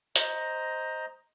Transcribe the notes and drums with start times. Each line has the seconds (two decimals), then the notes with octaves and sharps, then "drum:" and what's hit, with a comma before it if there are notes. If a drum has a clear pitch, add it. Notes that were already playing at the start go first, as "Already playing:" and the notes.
0.16 C5 D#5 A#5, drum: hi-hat